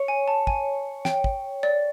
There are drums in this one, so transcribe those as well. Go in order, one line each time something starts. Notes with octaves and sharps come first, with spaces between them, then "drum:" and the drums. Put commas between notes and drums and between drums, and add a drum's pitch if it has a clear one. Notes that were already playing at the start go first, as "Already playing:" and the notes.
Already playing: C#5
G#5
A5
G#5, drum: kick
G5, drum: snare
drum: kick
D5